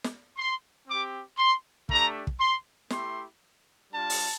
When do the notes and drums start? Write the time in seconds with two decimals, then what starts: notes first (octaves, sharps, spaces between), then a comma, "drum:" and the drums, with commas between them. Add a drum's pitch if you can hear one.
0.04 drum: snare
0.37 C6
0.87 C4 G4 D6
1.38 C6
1.89 A3 D4 G4 A#5, drum: kick
2.27 drum: kick
2.40 C6
2.90 A3 E4 G4 C6, drum: snare
3.93 G3 D4 F4 A5
4.10 drum: open hi-hat